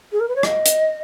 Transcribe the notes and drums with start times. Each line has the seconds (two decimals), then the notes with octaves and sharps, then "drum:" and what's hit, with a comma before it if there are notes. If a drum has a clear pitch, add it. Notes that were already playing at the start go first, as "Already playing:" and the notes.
0.12 G#4
0.20 A#4
0.28 B4
0.35 C#5
0.43 D#5, drum: rim click
0.66 drum: hi-hat